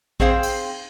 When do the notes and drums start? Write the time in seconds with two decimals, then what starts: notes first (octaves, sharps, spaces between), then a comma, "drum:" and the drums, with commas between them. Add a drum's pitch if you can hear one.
0.20 C4 G#4 C5 F5 G5, drum: kick
0.43 drum: cymbal